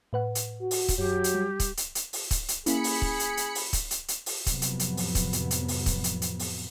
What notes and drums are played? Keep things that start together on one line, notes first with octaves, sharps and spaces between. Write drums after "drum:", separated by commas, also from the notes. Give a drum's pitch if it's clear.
A2 B4 F#5
drum: hi-hat
F#4
drum: open hi-hat
drum: kick C#1, hi-hat
F#2 F#3 G4
drum: hi-hat
G3
drum: kick C#1, hi-hat
drum: hi-hat
drum: hi-hat
drum: open hi-hat
drum: kick C#1, hi-hat
drum: hi-hat
A#3 C#4 E4 G#4 B5 C#7, drum: hi-hat
drum: open hi-hat
drum: kick C#1
drum: hi-hat
drum: hi-hat
drum: open hi-hat
drum: kick C#1, hi-hat
drum: hi-hat
drum: hi-hat
drum: open hi-hat
F2 A2 C3 F3 F#3 B3, drum: kick C#1, hi-hat
drum: hi-hat
drum: hi-hat
drum: open hi-hat
drum: kick C#1, hi-hat
drum: hi-hat
drum: hi-hat
drum: open hi-hat
drum: kick C#1, hi-hat
drum: hi-hat
drum: hi-hat
drum: open hi-hat